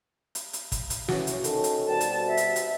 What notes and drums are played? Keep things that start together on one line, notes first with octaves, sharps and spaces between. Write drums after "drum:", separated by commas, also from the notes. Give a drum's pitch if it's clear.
drum: hi-hat
drum: hi-hat
drum: kick, hi-hat
drum: hi-hat
E3 C#4 F#4, drum: snare
drum: hi-hat
D#3 C#4 A4, drum: hi-hat
drum: hi-hat
B2 G3 C4 A5
drum: hi-hat
E5
drum: hi-hat
drum: hi-hat